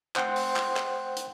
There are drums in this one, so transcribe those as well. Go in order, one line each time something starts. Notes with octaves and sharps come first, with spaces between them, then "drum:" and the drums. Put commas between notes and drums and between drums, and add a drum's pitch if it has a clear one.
C5 F#5 G5 C6, drum: clap
drum: open hi-hat
drum: clap
drum: clap
drum: hi-hat